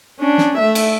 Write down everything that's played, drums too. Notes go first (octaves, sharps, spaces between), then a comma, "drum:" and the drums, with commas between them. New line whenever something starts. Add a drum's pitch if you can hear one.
C#4 D4
drum: snare
A3 E5
drum: cymbal